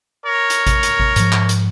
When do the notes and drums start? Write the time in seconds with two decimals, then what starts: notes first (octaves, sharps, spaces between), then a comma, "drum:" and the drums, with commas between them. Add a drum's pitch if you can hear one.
0.25 A#4 C#5
0.50 drum: hi-hat
0.67 drum: kick A1, hi-hat
0.83 drum: hi-hat
1.00 drum: kick A1
1.16 G#2 F3, drum: hi-hat
1.33 drum: clap
1.49 drum: hi-hat